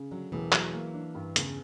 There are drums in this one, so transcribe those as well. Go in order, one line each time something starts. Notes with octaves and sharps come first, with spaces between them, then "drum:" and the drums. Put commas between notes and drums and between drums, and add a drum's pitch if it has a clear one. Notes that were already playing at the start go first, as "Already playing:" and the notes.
Already playing: C#3
D3 F#3
E1 E3
F#3, drum: clap
A#3
D4
G2
E2 C#3, drum: hi-hat